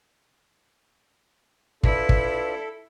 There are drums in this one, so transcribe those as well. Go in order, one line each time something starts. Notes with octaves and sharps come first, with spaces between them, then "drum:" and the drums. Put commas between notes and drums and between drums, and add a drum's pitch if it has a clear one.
D4 E4 F4 A4 B4, drum: kick
drum: kick